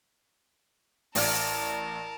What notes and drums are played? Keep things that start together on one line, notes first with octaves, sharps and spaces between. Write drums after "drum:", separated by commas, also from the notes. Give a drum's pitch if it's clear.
A1 A#4 D5 A5 F6, drum: open hi-hat